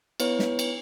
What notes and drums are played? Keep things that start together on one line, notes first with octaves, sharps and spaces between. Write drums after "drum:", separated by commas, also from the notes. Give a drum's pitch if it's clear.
B3 E4 B4 C#5, drum: cymbal
drum: snare
drum: cymbal